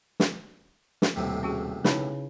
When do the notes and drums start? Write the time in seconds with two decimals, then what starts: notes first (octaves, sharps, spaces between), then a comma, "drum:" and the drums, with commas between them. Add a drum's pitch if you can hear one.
0.20 drum: snare
1.02 drum: snare
1.16 D#1 B1 A2 C3
1.43 C#4 F#4 G#4
1.84 C#3 D#4 E4 B4, drum: snare